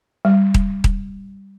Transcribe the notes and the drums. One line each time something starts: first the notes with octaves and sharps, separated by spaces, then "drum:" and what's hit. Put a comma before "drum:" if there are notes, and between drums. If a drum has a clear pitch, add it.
G3
drum: kick D#1
drum: kick D#1